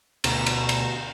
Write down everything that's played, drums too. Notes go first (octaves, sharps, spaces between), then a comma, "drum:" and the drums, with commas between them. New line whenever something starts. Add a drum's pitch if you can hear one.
D2 B2 A#5 E7, drum: cymbal
drum: cymbal
drum: cymbal